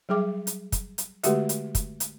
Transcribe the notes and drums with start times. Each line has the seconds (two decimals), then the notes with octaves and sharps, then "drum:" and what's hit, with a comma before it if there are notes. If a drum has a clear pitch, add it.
0.09 F#3 G3 G#4 G5 D6
0.47 drum: hi-hat
0.72 drum: kick, hi-hat
0.98 drum: hi-hat
1.24 D3 G#3 A3 F#4 G4 E5, drum: hi-hat
1.49 drum: hi-hat
1.75 drum: kick, hi-hat
2.00 drum: hi-hat